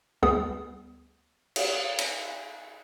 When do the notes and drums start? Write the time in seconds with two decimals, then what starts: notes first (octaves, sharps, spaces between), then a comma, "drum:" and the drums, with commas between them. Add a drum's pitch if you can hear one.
0.22 D2 G3 B3 G#4 D#6
1.56 drum: cymbal
1.99 drum: cymbal